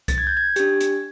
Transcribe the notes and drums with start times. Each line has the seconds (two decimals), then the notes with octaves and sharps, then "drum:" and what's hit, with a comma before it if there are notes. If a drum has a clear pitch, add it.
0.08 A6, drum: kick C2, hi-hat
0.18 G#6
0.27 G6
0.37 G#6
0.56 D4 G4, drum: hi-hat
0.81 drum: hi-hat